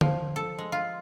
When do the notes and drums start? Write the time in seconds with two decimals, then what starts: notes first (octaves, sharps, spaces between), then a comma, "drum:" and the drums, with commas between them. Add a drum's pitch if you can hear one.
0.01 F3, drum: tom D3
0.36 A4
0.59 G#3
0.72 F4